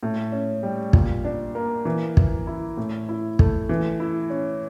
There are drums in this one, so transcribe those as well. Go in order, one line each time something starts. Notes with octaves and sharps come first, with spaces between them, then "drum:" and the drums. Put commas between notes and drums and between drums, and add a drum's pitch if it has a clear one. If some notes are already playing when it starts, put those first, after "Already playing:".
A2
C#4
G3
A#2, drum: kick
D4
A#3
E3
E3, drum: kick
E4
A2
E4
A3, drum: kick
E3
E4
C#4